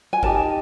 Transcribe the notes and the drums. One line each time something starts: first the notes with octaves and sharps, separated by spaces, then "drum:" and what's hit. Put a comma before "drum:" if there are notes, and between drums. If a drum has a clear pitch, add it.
G#5
D#4 G4 A#4 A5, drum: kick G#1